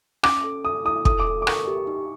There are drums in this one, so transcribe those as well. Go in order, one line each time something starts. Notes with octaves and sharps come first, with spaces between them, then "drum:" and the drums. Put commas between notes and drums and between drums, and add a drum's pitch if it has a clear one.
C#4 D6, drum: rim click
A4
A4 D#6
E4 D#6
A4 D#6, drum: kick
D6
A4
D6
A#4 C#6, drum: rim click
G4
D#4